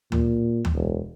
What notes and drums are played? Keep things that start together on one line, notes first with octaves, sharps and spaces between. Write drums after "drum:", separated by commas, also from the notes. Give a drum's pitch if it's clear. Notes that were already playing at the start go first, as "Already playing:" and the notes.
A#2, drum: tom D2
drum: tom D2
E1